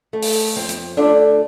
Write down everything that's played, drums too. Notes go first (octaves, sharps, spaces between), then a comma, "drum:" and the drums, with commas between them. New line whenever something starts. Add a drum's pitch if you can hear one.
A3
drum: open hi-hat
F2 C4
drum: hi-hat
D3 A3 D4 F4